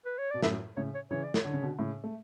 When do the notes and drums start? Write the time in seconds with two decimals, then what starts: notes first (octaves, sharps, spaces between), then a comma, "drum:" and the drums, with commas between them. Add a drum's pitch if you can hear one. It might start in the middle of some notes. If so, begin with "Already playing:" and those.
0.05 B4
0.18 C#5
0.30 B2 D5
0.42 F#2 A2 E5, drum: snare
0.76 A2 C#3 C#5
0.94 C#5
1.11 C#3 E3 C#5
1.23 D5
1.34 C#5, drum: snare
1.45 D3
1.53 C#3
1.62 B2 D3
1.79 A2 C#3
2.04 A3